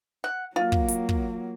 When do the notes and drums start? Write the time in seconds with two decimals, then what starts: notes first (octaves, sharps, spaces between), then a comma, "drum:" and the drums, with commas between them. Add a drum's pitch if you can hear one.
0.24 F#5
0.56 F#3 A#3 F4
0.72 drum: kick
0.88 drum: hi-hat
1.09 drum: kick